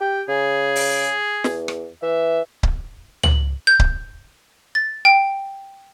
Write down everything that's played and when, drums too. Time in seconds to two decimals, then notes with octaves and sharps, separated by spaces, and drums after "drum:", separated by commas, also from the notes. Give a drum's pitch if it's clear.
0.01 G4 G5
0.28 C#3 G#4
0.76 drum: open hi-hat
1.44 E2, drum: snare
1.68 drum: rim click
2.02 E3 E5
2.63 drum: kick C#1
3.23 F#7, drum: tom C#2
3.67 G6
3.79 drum: kick C#1
4.75 A6
5.05 G5